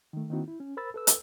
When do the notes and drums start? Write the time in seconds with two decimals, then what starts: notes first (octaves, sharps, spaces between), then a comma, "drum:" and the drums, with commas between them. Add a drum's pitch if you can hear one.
0.13 D#3 A3
0.30 D#3 A#3 C4 D#4 E4 F#4
0.48 E4
0.60 C#4
0.77 A#4 C5 B5 E6 A6
0.94 A4 B4 E6
1.07 drum: hi-hat